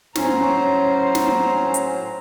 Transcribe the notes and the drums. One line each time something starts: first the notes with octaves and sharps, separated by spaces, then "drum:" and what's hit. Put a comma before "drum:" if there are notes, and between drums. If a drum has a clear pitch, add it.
A2 F#3 C#4 C5 A#5, drum: snare
drum: snare
drum: hi-hat